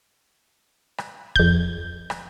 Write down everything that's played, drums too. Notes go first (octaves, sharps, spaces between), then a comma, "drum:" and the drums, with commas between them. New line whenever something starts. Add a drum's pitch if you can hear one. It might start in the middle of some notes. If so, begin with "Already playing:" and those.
drum: rim click
F2 G6, drum: kick
drum: rim click